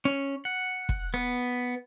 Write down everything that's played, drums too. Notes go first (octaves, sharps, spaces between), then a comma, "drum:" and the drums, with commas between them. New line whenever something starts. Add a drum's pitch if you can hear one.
C#4
F#5
drum: kick
B3